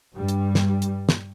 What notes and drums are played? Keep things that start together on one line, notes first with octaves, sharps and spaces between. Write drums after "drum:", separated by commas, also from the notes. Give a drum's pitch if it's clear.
G2 G3
drum: hi-hat
drum: snare
drum: hi-hat
drum: snare